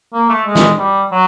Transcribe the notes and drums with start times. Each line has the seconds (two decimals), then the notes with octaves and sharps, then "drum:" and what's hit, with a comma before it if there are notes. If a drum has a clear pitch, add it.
0.13 A#3
0.29 A3
0.46 G#3
0.55 drum: snare
0.79 G3
1.11 F#3